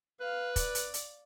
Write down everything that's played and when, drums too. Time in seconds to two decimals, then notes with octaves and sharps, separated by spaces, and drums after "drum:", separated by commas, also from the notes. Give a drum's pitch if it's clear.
0.20 B4 F5
0.56 D5, drum: kick, hi-hat
0.75 drum: hi-hat
0.94 drum: hi-hat